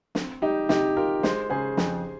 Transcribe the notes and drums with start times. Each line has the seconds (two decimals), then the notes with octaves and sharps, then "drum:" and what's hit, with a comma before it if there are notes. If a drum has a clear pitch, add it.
0.15 C4, drum: snare
0.42 G3 D#4 G4
0.69 C3 D#4 G4, drum: snare
0.96 F4 G4 A#4
1.23 G#3 C5, drum: snare
1.50 C#3 G#4 C5
1.77 F2, drum: snare